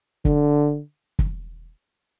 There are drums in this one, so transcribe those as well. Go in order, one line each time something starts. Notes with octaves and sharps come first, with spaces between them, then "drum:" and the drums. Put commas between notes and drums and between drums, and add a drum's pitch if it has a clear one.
D3, drum: kick
drum: kick